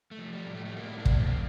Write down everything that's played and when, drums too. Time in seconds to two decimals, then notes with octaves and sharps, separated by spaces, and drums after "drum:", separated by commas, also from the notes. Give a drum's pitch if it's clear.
0.11 A3
0.19 F3
0.33 G3
0.47 A2
0.54 A3
0.65 A3
0.76 A2 G3 A#3
0.89 E4
0.98 A#3 D4
1.05 F3, drum: kick
1.19 A3 C4